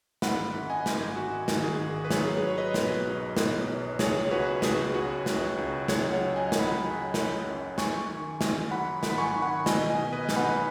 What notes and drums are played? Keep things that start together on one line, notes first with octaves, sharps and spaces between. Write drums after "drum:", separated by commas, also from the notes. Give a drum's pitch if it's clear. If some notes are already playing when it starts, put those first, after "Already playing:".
G#1 F#5 B5, drum: snare
F#2
D#5 G#5
G#1, drum: snare
G#1 F#4
D#3, drum: snare
G#4
G#1
B4
F#3 G#4 C#5, drum: snare
G#4
B4
F#3 C#5
B4 D#5
B2, drum: snare
B1
B2, drum: snare
B1
C#2 G#4 C#5, drum: snare
C#2 F#4 B4
C#2 G#4, drum: snare
C#2 F#4 B4
C#2, drum: snare
C#2
F#3 G#4 C#5, drum: snare
C#5 F#5
F#3
D#5 G#5
F#3, drum: snare
F#5 B5
F#3
F#2, drum: snare
F#2
F#2 G#5 C#6, drum: snare
D#3
F#2, drum: snare
F#3 F#5 B5
G#1, drum: snare
B5
G#5 C#6
D#3
F#5 B5
B2 D#5 G#5, drum: snare
D#5 G#5
B2
B4 D#5
B1, drum: snare
F#5 B5